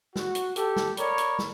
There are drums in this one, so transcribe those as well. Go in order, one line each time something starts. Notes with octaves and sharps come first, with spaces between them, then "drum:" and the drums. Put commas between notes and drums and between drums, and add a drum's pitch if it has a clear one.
F#4, drum: snare
drum: hi-hat
G4 A4, drum: hi-hat
drum: snare
A#4 C#5 D5 B5, drum: hi-hat
drum: hi-hat
drum: snare